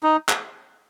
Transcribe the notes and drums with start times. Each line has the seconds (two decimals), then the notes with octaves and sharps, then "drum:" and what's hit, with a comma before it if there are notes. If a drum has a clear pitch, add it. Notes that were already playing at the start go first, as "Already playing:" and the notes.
0.03 D#4
0.29 drum: clap